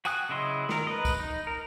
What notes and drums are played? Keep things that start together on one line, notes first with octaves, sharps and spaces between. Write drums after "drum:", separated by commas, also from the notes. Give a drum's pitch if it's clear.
F#4 G5 G#5 D#6 F#6, drum: tambourine
C#3 F#3 E4 D#5 C6
D#3 A#4, drum: snare A3
B4 D#5
drum: kick, tambourine
D#4
A#4